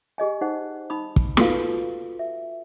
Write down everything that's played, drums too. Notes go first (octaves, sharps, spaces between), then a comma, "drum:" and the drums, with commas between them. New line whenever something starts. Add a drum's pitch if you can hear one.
G4 G#4 D#5 G#5
D#4 G#4 C5 F#5
D#4 B5 D#6
drum: kick
F4 F#4 A4 B4 F5, drum: snare
E5